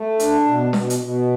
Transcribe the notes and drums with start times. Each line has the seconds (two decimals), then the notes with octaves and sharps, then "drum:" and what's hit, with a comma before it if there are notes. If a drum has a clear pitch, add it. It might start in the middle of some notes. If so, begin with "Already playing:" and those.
Already playing: A3
0.20 D4, drum: hi-hat
0.46 B2
0.73 B2, drum: snare
0.90 drum: hi-hat
0.99 B2